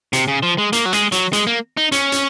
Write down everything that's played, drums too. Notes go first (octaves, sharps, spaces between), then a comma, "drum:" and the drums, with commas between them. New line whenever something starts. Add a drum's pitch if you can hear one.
C3, drum: hi-hat
C#3
F3
G#3
A#3, drum: hi-hat
F#3
G#3, drum: hi-hat
F#3, drum: hi-hat
G#3, drum: hi-hat
A#3
D#4
C#4, drum: hi-hat
drum: hi-hat